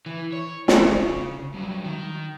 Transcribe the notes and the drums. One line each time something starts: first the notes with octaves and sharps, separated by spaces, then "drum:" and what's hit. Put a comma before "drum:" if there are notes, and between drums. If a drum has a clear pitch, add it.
E3
C#5
A3, drum: snare
C#3
G2 F#3
D#3